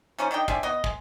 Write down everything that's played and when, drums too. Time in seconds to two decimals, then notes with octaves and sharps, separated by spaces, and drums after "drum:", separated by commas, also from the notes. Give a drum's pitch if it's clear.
0.18 F3 C#4 D#4 C5
0.31 D#3 D4 D#5 G5
0.48 C4 D4 G#4 E5, drum: kick
0.63 B3 D#5
0.84 G#3, drum: kick